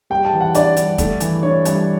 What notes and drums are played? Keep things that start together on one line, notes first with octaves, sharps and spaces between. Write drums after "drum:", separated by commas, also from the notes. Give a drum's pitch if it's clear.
G3 G5
A5
E3
F#5
D4 D5, drum: hi-hat
G2, drum: hi-hat
A3, drum: kick, hi-hat
E3, drum: hi-hat
D4 C#5
G2, drum: hi-hat